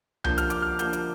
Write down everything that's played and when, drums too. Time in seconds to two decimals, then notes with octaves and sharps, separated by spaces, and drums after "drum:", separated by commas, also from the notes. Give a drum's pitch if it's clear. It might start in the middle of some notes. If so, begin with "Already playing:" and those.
0.24 D3 F3 A#3 G6, drum: tom C2
0.38 F6, drum: hi-hat
0.50 D6, drum: hi-hat
0.62 F6
0.79 D3 F3 A#3 G6, drum: hi-hat
0.93 drum: hi-hat